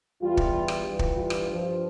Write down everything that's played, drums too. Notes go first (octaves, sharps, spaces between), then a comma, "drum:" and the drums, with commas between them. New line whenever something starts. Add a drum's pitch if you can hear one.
E2 E3 G3 F4
drum: kick
drum: rim click
G2 E3 G3
drum: kick
F4
drum: rim click
G2 F3